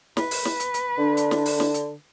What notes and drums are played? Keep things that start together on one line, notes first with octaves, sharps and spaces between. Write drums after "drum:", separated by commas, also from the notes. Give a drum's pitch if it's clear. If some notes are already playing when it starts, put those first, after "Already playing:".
B4, drum: snare
drum: open hi-hat
drum: snare
drum: hi-hat
drum: hi-hat
D3 D4
drum: hi-hat
drum: snare
drum: open hi-hat
drum: snare
drum: hi-hat